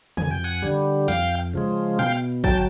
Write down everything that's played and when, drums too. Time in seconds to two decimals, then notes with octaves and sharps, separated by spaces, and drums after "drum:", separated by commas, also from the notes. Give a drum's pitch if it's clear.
0.17 F2 G#5, drum: tom
0.31 G5
0.44 F#5 G#5
0.62 D3 G3
1.08 F2 F5 G5, drum: hi-hat
1.54 C#3 F3 G#3
1.99 B2 F5 G5
2.44 F#3 G5 A5, drum: kick